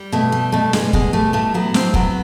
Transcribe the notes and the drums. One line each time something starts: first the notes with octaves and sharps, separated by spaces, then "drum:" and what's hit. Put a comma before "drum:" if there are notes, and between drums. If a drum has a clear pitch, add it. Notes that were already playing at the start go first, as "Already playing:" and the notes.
Already playing: G3
B2 A3
G3
B2 A3
G3 G#3, drum: snare
B2 G#3, drum: kick
G3 A3
A2 A3
F#3 B3
A2 C4, drum: snare
F#3 B3, drum: kick